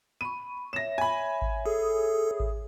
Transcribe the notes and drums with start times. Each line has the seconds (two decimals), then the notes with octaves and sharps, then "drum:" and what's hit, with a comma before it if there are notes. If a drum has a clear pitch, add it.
0.21 B5 C#6 D#7
0.73 C#5 E5 A#6 E7
0.98 G#5 B5
1.42 drum: kick G#1
1.66 G#4 A4
2.40 drum: kick G#1